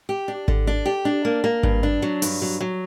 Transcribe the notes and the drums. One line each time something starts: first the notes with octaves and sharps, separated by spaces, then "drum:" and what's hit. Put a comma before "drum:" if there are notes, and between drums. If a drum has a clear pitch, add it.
G4
D4
D3, drum: kick G#1
D4
G4
D4
A#3
A#3
G2, drum: kick G#1
D4
F#3
G2, drum: open hi-hat
F#3
F#3